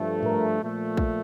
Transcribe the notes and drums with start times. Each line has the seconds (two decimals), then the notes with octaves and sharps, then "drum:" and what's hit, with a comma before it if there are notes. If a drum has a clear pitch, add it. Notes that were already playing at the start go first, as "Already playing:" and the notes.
Already playing: G2 F3 A3
0.23 A#4, drum: tom G#2
0.61 A#2 F3 A3
0.97 drum: kick